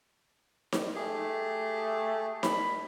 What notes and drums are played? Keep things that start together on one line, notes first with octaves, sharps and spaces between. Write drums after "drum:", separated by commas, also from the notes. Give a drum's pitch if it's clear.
drum: snare D#4
A3 G4 G#4
B5, drum: snare D#4